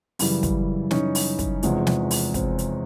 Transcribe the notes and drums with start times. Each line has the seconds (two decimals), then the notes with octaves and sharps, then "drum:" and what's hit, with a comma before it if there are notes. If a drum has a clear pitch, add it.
0.19 F#2 C#3 E3 G3, drum: open hi-hat
0.43 drum: kick, hi-hat
0.91 C#4 D#4, drum: snare
1.15 drum: open hi-hat
1.39 drum: kick, hi-hat
1.63 E2 C3 F3 G#3, drum: hi-hat
1.87 drum: snare
2.11 drum: open hi-hat
2.34 C4, drum: kick, hi-hat
2.58 drum: hi-hat